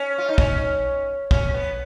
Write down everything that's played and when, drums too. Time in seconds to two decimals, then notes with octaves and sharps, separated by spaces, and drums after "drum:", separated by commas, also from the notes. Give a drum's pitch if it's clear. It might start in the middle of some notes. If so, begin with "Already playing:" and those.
Already playing: C#4
0.18 F4
0.29 D#4
0.38 C#4, drum: kick
1.31 C#4, drum: kick
1.54 B3